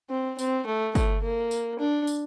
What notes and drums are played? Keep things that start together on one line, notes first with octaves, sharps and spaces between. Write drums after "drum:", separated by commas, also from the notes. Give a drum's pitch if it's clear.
C4
C4, drum: tambourine
A3
A3, drum: kick, tambourine
A#3
drum: tambourine
D4
drum: tambourine